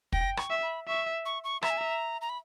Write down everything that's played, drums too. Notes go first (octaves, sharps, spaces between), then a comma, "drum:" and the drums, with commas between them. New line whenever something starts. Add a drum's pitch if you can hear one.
G5 A#6, drum: kick
C#6, drum: rim click
E5
B5
E5 C#6
C#6
C#6
E5 A#5, drum: rim click
G#5
A#5
A#5
B5